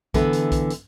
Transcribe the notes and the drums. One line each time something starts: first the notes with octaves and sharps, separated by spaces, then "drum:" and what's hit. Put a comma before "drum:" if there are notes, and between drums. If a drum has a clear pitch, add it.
D3 E3 B3, drum: kick B1, hi-hat
drum: hi-hat
drum: kick B1, hi-hat
drum: hi-hat